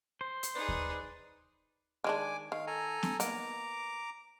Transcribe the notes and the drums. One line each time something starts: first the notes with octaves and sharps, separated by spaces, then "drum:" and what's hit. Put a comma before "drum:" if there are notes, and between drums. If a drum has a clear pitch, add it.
C5
drum: hi-hat
D#4 G#4 B4 D5
drum: kick D#2
D#3 G#3 D4 G#5 D6
D#3 F5
A4 G#5 A#5
drum: snare
A#3 B3 D#4 A#5 D6, drum: hi-hat